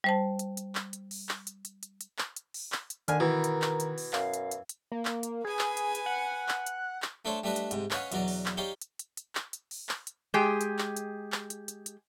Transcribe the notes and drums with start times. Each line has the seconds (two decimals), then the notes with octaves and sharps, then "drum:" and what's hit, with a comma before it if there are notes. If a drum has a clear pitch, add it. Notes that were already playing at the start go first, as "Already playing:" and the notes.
0.04 G3 C5 A5
0.39 drum: hi-hat
0.57 drum: hi-hat
0.75 drum: clap
0.93 drum: hi-hat
1.11 drum: open hi-hat
1.29 drum: clap
1.47 drum: hi-hat
1.65 drum: hi-hat
1.83 drum: hi-hat
2.01 drum: hi-hat
2.19 drum: clap
2.36 drum: hi-hat
2.54 drum: open hi-hat
2.72 drum: clap
2.90 drum: hi-hat
3.08 D3 D#3 G#5 F6, drum: hi-hat
3.20 B2 E3 A#4
3.44 drum: hi-hat
3.62 drum: clap
3.80 drum: hi-hat
3.98 drum: open hi-hat
4.13 F#2 F5, drum: clap
4.34 drum: hi-hat
4.51 drum: hi-hat
4.69 drum: hi-hat
4.92 A#3
5.05 drum: clap
5.23 drum: hi-hat
5.45 G#4 B4 G#5
5.59 drum: clap
5.77 drum: hi-hat
5.95 drum: hi-hat
6.06 F#5
6.49 drum: clap
6.66 drum: hi-hat
7.02 drum: clap
7.25 A3 D4 A4 C5 C#5
7.44 G3 A3 D4 B4 D#5
7.56 drum: hi-hat
7.71 G#2 C3, drum: hi-hat
7.91 C#4 B4 C#5 D#5 F5 F#5, drum: clap
8.12 E2 B2 F#3 D5 A#5, drum: hi-hat
8.28 drum: open hi-hat
8.46 drum: clap
8.57 D#4 G4 C#5 D5 F5
8.81 drum: hi-hat
8.99 drum: hi-hat
9.17 drum: hi-hat
9.35 drum: clap
9.53 drum: hi-hat
9.71 drum: open hi-hat
9.89 drum: clap
10.07 drum: hi-hat
10.34 G#3 G4 G#4 G5
10.61 drum: hi-hat
10.79 drum: clap
10.97 drum: hi-hat
11.32 drum: clap
11.50 drum: hi-hat
11.68 drum: hi-hat
11.86 drum: hi-hat